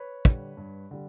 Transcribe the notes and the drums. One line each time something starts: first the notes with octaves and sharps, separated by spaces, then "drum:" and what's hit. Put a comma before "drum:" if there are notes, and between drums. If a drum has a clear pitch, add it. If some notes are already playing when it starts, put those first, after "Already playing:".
Already playing: B4 C#5
D3 G3, drum: kick
G2
D3 G3